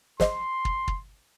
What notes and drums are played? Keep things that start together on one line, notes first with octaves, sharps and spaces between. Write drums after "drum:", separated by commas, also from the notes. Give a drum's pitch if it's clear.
G#4 C5 D#5 C6, drum: snare
drum: kick
drum: kick